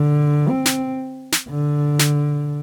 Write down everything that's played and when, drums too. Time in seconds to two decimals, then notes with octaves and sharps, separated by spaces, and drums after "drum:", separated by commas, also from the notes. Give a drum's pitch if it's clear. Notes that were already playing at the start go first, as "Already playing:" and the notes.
Already playing: D3
0.49 C4
0.66 drum: snare
1.32 drum: snare
1.49 D3
1.99 drum: snare